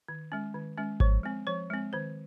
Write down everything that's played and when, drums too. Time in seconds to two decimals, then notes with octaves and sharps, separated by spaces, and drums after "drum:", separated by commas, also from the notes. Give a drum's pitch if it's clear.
0.08 D#3
0.32 G#3 C#4
0.54 D#3
0.78 G#3 C#4
1.00 F3 C#5, drum: kick G#1
1.23 G#3 C4
1.47 F3 C#5
1.70 G#3 C4
1.93 D#3 C5